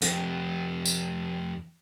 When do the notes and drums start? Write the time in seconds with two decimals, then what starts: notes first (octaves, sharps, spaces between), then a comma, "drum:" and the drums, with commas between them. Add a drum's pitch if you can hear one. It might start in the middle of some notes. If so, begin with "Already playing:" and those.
0.02 F2 G4, drum: hi-hat
0.85 drum: tambourine